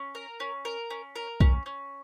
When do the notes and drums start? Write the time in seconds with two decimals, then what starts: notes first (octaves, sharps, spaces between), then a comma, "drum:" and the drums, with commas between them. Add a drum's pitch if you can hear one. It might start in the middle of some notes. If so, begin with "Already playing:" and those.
Already playing: C#4
0.15 A#4
0.40 C#4
0.65 A#4
0.90 C#4
1.16 A#4
1.40 C#4, drum: kick B1
1.66 C#4